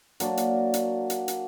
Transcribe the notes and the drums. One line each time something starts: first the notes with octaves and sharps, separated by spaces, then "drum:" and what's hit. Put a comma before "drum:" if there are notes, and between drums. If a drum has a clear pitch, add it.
F#3 A#3 D4, drum: hi-hat
drum: hi-hat
drum: hi-hat
drum: hi-hat
drum: hi-hat